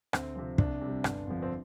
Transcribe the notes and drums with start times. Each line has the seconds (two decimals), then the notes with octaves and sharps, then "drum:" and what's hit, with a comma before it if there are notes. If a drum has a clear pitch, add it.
0.13 D2 C4, drum: rim click
0.36 C3 F3
0.58 C2 D4, drum: kick
0.81 C3 G3
1.04 G1, drum: rim click
1.27 F2 D3 F3
1.42 C4